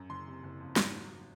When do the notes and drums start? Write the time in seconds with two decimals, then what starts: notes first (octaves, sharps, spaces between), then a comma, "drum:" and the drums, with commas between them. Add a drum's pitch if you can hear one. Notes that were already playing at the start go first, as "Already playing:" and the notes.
Already playing: F#2
0.10 F#1 C6
0.27 C3
0.43 F#1
0.60 F2
0.76 G#1, drum: snare
0.94 F#3